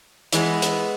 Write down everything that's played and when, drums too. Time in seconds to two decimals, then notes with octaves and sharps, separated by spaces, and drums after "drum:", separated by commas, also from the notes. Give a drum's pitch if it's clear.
0.33 E3 G#3 B3, drum: hi-hat
0.62 drum: hi-hat